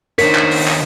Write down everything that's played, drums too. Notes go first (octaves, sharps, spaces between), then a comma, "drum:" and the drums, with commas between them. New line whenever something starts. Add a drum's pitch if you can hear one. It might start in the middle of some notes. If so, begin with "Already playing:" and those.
D#3 D4 D#4 A#4 C5 C#5 B6, drum: hi-hat
drum: clap
drum: open hi-hat
drum: clap